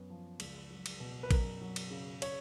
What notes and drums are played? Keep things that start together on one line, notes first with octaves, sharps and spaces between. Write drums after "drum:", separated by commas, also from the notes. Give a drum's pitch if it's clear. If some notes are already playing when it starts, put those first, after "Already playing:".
Already playing: F#2 B3
F3
C#2, drum: cymbal
F#3
drum: cymbal
B2
B4
F#2 A#4, drum: kick A#1, cymbal
F#3
drum: cymbal
C#3
C#5, drum: cymbal